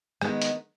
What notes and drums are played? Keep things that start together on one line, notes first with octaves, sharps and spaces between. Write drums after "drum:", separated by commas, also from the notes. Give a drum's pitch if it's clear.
D#3 G#3 B3, drum: rim click
drum: hi-hat